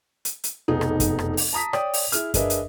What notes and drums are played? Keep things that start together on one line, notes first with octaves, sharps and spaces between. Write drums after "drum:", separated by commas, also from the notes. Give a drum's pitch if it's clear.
drum: hi-hat
drum: hi-hat
F1 B1 B3 D#4 G#4
drum: rim click
drum: kick F#2, hi-hat
drum: rim click
drum: open hi-hat
A5 A#5 D#6 B6
C#5 D5 G5 D#6, drum: rim click
drum: open hi-hat
E4 G#4 F6, drum: hi-hat
D4 G#4 A#4 B4 D#5 E5, drum: kick F#2, hi-hat
drum: hi-hat